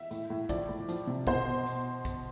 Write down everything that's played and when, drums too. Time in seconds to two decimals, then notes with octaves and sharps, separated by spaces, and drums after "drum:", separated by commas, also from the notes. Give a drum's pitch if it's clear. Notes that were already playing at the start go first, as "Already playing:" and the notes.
Already playing: E5
0.11 A2, drum: hi-hat
0.30 A2
0.49 F3 D5, drum: kick A1, hi-hat
0.69 A2
0.89 F3, drum: hi-hat
1.07 C3
1.27 B2 C5, drum: kick A1
1.66 drum: hi-hat
2.05 drum: kick A1, hi-hat